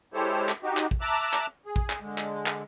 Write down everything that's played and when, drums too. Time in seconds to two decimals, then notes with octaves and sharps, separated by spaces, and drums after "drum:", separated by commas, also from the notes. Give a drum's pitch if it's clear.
0.14 G#3 E4 G4 A4 C5 C#5
0.49 drum: clap
0.63 D#4 F#4 G4
0.77 drum: clap
0.91 drum: kick
1.01 E5 A5 A#5 D6 E6 F#6
1.33 drum: clap
1.66 G#4
1.76 drum: kick
1.90 drum: clap
2.00 D3 G#3
2.18 drum: clap
2.46 drum: clap